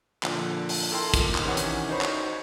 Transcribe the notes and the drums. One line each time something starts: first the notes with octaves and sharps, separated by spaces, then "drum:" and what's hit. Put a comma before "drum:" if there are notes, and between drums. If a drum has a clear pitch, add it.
A#2 D3 F3, drum: clap
drum: open hi-hat
E4 A4 A#4 G5 C6
A#2 D#4, drum: kick, hi-hat
drum: clap
C3 D#3 E3 C#4 F#5
drum: hi-hat
D#4 F#4 C5 C#5 B5 C#6
drum: clap